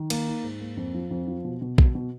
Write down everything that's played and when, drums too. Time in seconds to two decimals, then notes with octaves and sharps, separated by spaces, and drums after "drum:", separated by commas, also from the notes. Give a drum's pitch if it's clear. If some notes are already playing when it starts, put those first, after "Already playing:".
Already playing: D#3
0.10 A#3, drum: cymbal
0.28 D#4
0.43 G#2
0.61 A#3
0.77 F2
0.94 F3
1.11 F2
1.27 F3
1.44 B2
1.62 B2
1.78 B2, drum: kick A#1
1.95 B2